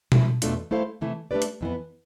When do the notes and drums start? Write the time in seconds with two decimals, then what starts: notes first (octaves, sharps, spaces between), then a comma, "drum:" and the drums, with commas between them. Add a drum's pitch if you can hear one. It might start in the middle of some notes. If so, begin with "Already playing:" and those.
0.12 F3 A3 E4, drum: tom B2
0.42 E2 B2 A3 D4 F4, drum: hi-hat
0.71 A3 E4 A4 C5 F5
1.01 C3 E3 A3 E4
1.31 A3 D4 G4 B4 D5
1.42 drum: hi-hat
1.61 F2 E3 B3